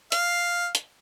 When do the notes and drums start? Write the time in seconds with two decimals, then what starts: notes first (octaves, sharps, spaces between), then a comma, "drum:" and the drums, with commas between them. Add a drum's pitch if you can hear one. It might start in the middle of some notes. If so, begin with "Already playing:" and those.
0.12 F5, drum: hi-hat
0.75 drum: hi-hat